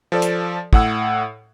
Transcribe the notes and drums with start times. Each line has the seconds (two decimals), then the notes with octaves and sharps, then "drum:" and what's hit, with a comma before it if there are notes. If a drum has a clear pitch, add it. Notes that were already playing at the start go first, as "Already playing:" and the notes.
0.12 F3 A4 D5
0.22 drum: hi-hat
0.73 A2 F#5 E6, drum: kick